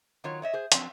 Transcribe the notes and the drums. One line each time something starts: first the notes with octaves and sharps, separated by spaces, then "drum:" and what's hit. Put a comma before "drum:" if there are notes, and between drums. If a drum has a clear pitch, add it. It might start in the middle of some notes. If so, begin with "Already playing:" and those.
D#3 F#3 F4 C#5
C#5 D#5 E5
G#4 C5
F3 F#3 C4, drum: hi-hat